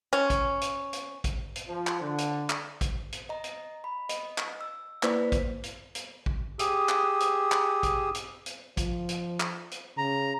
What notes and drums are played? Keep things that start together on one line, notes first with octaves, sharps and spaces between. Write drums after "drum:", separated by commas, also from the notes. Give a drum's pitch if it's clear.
C#4
drum: kick A1, hi-hat
drum: hi-hat
drum: hi-hat
drum: kick A1, hi-hat
drum: hi-hat
F3
drum: clap
D3
drum: hi-hat
drum: clap
drum: kick A1, hi-hat
drum: hi-hat
D#5 A#5
drum: hi-hat
B5
D#5, drum: hi-hat
drum: clap
E6
A#3 E4 B4 C5 D5 B6, drum: clap
drum: kick A1, hi-hat
drum: hi-hat
drum: hi-hat
drum: kick A1
G4 G#4 D#6 E6, drum: hi-hat
drum: clap
drum: hi-hat
drum: clap
drum: kick A1, hi-hat
drum: hi-hat
drum: hi-hat
F3, drum: kick A1, hi-hat
drum: hi-hat
drum: clap
drum: hi-hat
C#3 A#5